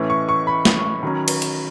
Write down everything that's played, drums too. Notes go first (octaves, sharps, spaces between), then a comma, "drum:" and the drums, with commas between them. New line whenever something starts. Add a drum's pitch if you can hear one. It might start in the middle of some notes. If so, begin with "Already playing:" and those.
Already playing: A2 E3 A3 C#4
C#6
C#6
B5
drum: snare
D#3 F#3 C#4
drum: cymbal
drum: hi-hat